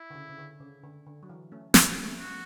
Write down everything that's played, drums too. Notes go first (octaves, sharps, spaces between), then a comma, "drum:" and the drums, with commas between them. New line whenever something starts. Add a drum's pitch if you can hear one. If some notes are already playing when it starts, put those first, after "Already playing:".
Already playing: E4
D3
C#3
C#3
D3
C#3
D3
D3
F#3
E3
A3 C#4
A3 C#4 E4, drum: snare
A3 C#4
F#4